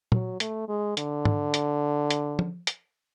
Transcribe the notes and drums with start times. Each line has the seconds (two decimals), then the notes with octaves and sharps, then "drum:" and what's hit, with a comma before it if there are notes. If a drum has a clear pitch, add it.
0.12 F#3, drum: tom
0.40 A3, drum: hi-hat
0.68 G#3
0.97 D3, drum: hi-hat
1.25 drum: tom G#2
1.54 drum: hi-hat
2.10 drum: hi-hat
2.39 drum: tom
2.67 drum: hi-hat